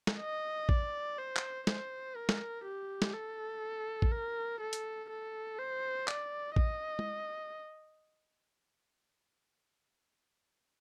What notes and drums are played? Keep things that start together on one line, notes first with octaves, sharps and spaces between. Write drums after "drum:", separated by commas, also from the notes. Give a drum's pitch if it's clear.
drum: snare
D#5
D5, drum: kick A1
C5
drum: clap
C5, drum: snare
A#4
drum: snare
G4
drum: snare
A4
drum: kick A1
A#4
A4
drum: hi-hat
A4
C5
D5, drum: clap
D#5, drum: kick A1
drum: tom G#3